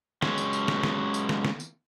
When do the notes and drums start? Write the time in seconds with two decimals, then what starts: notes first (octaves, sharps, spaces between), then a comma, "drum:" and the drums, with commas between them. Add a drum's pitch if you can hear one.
0.22 F#3 G#3 C#4, drum: snare
0.38 drum: tambourine
0.53 drum: tambourine
0.68 drum: snare
0.83 drum: snare
1.14 drum: tambourine
1.29 drum: snare
1.45 drum: snare
1.60 drum: tambourine